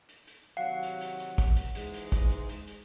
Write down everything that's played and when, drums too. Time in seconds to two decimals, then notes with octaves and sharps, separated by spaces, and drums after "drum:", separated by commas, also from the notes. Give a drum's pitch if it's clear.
0.09 drum: hi-hat
0.27 drum: hi-hat
0.57 C3 D#3 F#3 F5 F#5
0.83 drum: hi-hat
1.01 drum: hi-hat
1.20 drum: hi-hat
1.38 drum: kick, hi-hat
1.57 drum: hi-hat
1.75 G#2 E3 G#3, drum: hi-hat
1.94 drum: hi-hat
2.12 drum: kick, hi-hat
2.31 drum: hi-hat
2.49 drum: hi-hat
2.68 drum: hi-hat